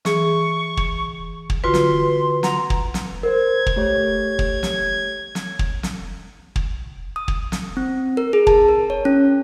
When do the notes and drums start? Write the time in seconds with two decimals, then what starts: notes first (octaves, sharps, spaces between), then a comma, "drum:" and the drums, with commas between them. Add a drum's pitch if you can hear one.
0.05 E3 G#4 C#6, drum: snare
0.77 drum: kick
1.50 drum: kick
1.64 D3 F4 F#4 B4 C6
1.74 drum: snare
2.43 F#5 A#5 C6, drum: snare
2.70 drum: kick
2.94 drum: snare
3.23 A#4 C5 G#6
3.66 drum: kick
3.76 A3 G4 C#5
4.39 drum: kick
4.63 drum: snare
5.35 drum: snare
5.59 drum: kick
5.83 drum: snare
6.56 drum: kick
7.16 D#6
7.28 drum: kick
7.52 drum: snare
7.77 C4
8.17 A#4
8.33 G#4
8.47 A5, drum: kick
8.68 A#4
8.90 C#5
9.05 C#4